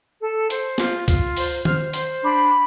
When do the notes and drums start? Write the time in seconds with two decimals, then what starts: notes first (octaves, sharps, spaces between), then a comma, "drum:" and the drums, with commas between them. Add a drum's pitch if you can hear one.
0.21 A4
0.50 C5, drum: hi-hat
0.78 F4, drum: snare
1.08 F4, drum: kick, hi-hat
1.36 C5 C6, drum: open hi-hat
1.65 C5 F6, drum: tom D#3
1.93 C5 C6, drum: hi-hat
2.23 D4 B5